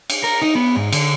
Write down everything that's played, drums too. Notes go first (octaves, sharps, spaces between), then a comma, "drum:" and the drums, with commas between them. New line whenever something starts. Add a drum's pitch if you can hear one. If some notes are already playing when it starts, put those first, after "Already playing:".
drum: cymbal
A#4
D#4
B3
G#2
D3, drum: cymbal